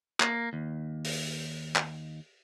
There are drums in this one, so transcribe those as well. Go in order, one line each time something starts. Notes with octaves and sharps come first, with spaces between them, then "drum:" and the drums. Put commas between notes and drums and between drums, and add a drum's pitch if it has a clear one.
A#3, drum: clap
D#2
drum: open hi-hat
drum: clap